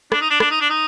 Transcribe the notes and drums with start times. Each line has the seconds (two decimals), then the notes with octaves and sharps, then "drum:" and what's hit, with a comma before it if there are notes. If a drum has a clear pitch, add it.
0.12 D4, drum: rim click
0.21 D#4
0.30 D4
0.40 D4, drum: rim click
0.51 D#4
0.61 D4
0.70 D#4